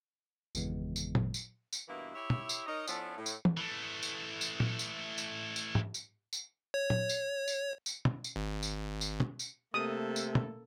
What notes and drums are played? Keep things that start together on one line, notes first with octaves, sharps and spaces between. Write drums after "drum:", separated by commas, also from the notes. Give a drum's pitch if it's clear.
G#1 F2 C#3 E3 G#3 B3, drum: tambourine
drum: tambourine
drum: tom A#2
drum: tambourine
drum: tambourine
G2 B2 E3 A#3 B3 E4
E4 G4 C#5 E5
drum: tom
drum: tambourine
D#4 A#4 C#5 D#5
F3 B3 C#4 D4 E4 A4, drum: tambourine
A2
drum: tambourine
drum: tom
E3 A3
drum: tambourine
drum: tambourine
drum: tom A#2
drum: tambourine
drum: tambourine
drum: tambourine
drum: tom
drum: tambourine
drum: tambourine
C#5
drum: tom A#2
drum: tambourine
drum: tambourine
drum: tambourine
drum: tom
drum: tambourine
G#1
drum: tambourine
drum: tambourine
drum: tom
drum: tambourine
C3 A3 A#3 A4 D#6
drum: tambourine
drum: tom